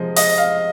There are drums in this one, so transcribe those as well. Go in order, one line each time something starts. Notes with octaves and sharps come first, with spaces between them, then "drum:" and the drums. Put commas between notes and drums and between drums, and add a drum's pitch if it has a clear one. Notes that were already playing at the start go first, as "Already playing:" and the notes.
Already playing: C3 F3 G#3 D#5
D#5, drum: open hi-hat
F5